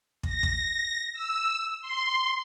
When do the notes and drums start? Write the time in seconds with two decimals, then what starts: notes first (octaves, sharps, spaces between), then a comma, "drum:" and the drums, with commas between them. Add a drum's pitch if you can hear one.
0.23 A#6, drum: kick
0.43 drum: kick
1.13 E6
1.81 C6